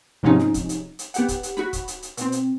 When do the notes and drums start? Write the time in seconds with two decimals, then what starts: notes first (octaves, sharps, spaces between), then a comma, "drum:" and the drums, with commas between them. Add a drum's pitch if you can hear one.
0.23 G#2 C3 F3 F#3 C#4 D#4
0.39 drum: snare
0.54 drum: kick, hi-hat
0.69 drum: hi-hat
0.99 drum: hi-hat
1.14 B3 G4 F#5, drum: hi-hat
1.28 drum: kick, hi-hat
1.43 drum: hi-hat
1.57 F#4 B5, drum: snare
1.73 drum: kick, hi-hat
1.88 drum: hi-hat
2.03 drum: hi-hat
2.17 B2 C4, drum: hi-hat
2.32 drum: hi-hat